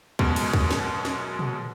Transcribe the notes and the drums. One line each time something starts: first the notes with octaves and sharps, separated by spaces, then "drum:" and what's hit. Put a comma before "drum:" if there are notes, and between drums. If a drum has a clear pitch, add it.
F#2 B2 G#3, drum: kick
drum: cymbal
drum: kick
drum: snare
drum: snare
drum: tom